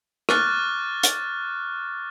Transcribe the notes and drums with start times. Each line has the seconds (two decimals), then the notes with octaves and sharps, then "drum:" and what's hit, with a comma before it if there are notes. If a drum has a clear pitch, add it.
0.29 C#6 D6 F6 F#6 A6, drum: rim click
1.03 drum: hi-hat